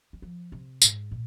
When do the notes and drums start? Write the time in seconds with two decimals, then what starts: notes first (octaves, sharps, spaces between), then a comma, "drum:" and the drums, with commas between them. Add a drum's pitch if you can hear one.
0.13 G3
0.22 F3
0.52 C3
0.82 G#2, drum: tambourine
1.11 A#2